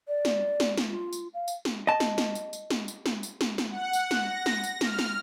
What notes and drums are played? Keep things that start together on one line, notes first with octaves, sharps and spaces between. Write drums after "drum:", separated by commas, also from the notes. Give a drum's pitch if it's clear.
D5
drum: snare
drum: snare
drum: snare
F4
drum: tambourine
F5
drum: tambourine
drum: snare
D#5 A5
drum: snare
drum: snare
drum: tambourine
drum: tambourine
drum: snare
drum: tambourine
drum: snare
drum: tambourine
drum: snare
drum: snare
F#5
drum: tambourine
drum: snare
A#6
drum: snare
drum: tambourine
F6, drum: snare
drum: snare